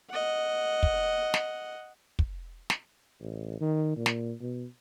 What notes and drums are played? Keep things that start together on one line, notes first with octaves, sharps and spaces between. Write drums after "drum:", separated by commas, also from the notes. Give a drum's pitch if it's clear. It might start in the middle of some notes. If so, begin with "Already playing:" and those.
D#5 F#5
drum: kick
drum: snare
drum: kick
drum: snare
A1
D#3
A#2
drum: snare
B2